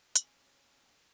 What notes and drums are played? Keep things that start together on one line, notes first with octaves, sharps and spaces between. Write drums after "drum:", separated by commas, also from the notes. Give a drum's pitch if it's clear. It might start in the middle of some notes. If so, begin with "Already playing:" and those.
C4 C#4 A#4 D#5 G#5, drum: hi-hat